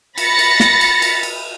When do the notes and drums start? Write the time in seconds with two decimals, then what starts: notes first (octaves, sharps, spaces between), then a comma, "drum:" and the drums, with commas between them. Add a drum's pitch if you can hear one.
0.18 B5 A6 A#6 C#7, drum: cymbal
0.39 drum: cymbal
0.60 drum: snare
0.81 drum: cymbal
1.02 drum: cymbal
1.23 drum: cymbal